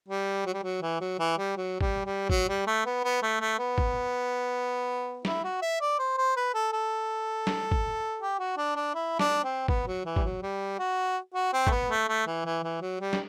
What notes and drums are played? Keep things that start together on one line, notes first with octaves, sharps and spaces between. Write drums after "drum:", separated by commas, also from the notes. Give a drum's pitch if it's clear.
G3
F#3
G3
F#3
E3
F#3
E3
G3
F#3
G3, drum: kick
G3
F#3, drum: kick
G3
A3
B3
B3
A3
A3
B3
drum: kick
E4, drum: snare
F#4
E5
D5
C5
C5
B4
A4
A4
drum: snare
drum: kick
G4
F#4
D4
D4
E4
D4, drum: snare
C4
B3, drum: kick
F#3
E3
G3, drum: kick
F#3
G3
F#4
F#4
C4
A3, drum: kick
B3
A3
A3
E3
E3
E3
F#3
G3
drum: snare